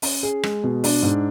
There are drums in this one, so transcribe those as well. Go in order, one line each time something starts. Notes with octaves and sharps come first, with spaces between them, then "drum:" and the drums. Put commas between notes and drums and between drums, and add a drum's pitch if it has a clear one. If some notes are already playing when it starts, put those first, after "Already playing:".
C#4, drum: open hi-hat
G#4
G#3, drum: rim click
B2
D4, drum: open hi-hat
G#2